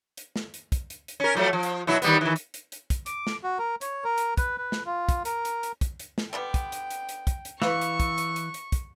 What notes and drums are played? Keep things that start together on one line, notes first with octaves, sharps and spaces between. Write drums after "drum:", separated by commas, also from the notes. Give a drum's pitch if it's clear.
drum: hi-hat
drum: snare
drum: hi-hat
drum: kick, hi-hat
drum: hi-hat
drum: hi-hat
C#4 A#4
F3 F#3 A3
F3
drum: hi-hat
B2 F#3 E4
D#3 G3 B3, drum: hi-hat
D#3 E3
drum: hi-hat
drum: hi-hat
drum: hi-hat
drum: kick, hi-hat
D6, drum: hi-hat
drum: snare
F#4
A#4
C#5, drum: hi-hat
A#4
drum: hi-hat
B4, drum: kick, hi-hat
B4
drum: snare
F4
drum: kick, hi-hat
A#4, drum: hi-hat
drum: hi-hat
drum: hi-hat
drum: kick, hi-hat
drum: hi-hat
drum: snare
D3 G3 B3 G5
drum: kick, hi-hat
drum: hi-hat
drum: hi-hat
drum: hi-hat
drum: kick, hi-hat
drum: hi-hat
E3 B4 F5 C#6, drum: snare
drum: hi-hat
drum: kick, hi-hat
drum: hi-hat
drum: hi-hat
drum: hi-hat
drum: kick, hi-hat